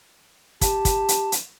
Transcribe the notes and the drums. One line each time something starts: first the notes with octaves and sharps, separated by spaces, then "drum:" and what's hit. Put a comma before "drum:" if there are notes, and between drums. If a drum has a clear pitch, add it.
G4 A5, drum: kick, hi-hat
drum: kick, hi-hat
drum: hi-hat
drum: hi-hat